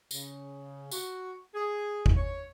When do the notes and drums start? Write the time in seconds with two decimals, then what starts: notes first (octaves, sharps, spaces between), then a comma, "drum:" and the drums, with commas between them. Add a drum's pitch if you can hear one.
0.11 C#3, drum: tambourine
0.91 F#4, drum: tambourine
1.54 G#4
2.06 drum: kick G1
2.16 C#5